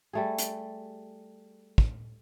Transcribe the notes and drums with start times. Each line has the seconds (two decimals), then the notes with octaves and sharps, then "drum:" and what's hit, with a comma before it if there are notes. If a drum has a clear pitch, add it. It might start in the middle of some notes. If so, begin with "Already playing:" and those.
0.13 G3 A3 G#4
0.38 drum: hi-hat
1.78 drum: kick